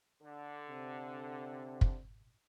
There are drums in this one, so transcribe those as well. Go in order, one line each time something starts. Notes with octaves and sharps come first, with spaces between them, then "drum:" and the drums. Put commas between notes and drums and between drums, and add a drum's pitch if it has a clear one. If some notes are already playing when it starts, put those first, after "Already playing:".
D3
C3
drum: kick